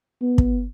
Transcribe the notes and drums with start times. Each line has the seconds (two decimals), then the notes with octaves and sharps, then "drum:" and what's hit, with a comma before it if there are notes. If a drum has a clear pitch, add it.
0.22 B3
0.38 drum: kick